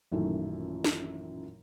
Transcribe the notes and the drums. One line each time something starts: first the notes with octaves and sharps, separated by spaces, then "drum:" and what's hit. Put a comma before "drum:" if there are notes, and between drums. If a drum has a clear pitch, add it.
A1 F#2 A#2 D#3 E3 A3
drum: snare